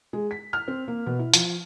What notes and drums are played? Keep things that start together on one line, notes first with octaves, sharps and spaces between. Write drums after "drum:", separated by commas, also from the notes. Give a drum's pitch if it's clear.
G#3
B6
F6
C4
A#3
B2
E4
F3, drum: hi-hat